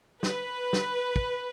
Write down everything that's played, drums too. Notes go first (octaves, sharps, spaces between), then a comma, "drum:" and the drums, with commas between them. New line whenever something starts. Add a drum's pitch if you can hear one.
B4, drum: snare
drum: snare
drum: kick